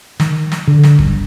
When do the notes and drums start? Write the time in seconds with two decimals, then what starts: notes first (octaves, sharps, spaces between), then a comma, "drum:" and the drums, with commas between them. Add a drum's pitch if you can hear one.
0.20 D#3, drum: snare
0.52 drum: snare
0.67 D3
0.83 drum: snare
0.98 G1, drum: kick